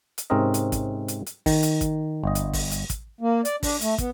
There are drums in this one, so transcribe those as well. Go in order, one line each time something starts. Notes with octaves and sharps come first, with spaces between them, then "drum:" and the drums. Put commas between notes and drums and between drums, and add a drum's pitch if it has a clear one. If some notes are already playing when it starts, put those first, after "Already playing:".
drum: hi-hat
G#2 C3 C4 C#4 A#4 D#5
drum: hi-hat
drum: kick, hi-hat
drum: hi-hat
drum: hi-hat
D#3, drum: kick, open hi-hat
drum: hi-hat
drum: kick, hi-hat
G1 D#5
drum: hi-hat
drum: kick, open hi-hat
drum: hi-hat
drum: kick, hi-hat
A#3
D5, drum: hi-hat
D4, drum: kick, open hi-hat
A3, drum: hi-hat
B3, drum: kick, hi-hat